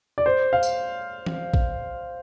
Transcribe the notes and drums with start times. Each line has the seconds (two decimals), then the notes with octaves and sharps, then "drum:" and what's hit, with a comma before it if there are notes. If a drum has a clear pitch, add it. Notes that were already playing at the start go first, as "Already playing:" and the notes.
0.18 D5
0.26 C5
0.53 F5
0.63 drum: tambourine
1.26 drum: tom E3
1.54 drum: kick A1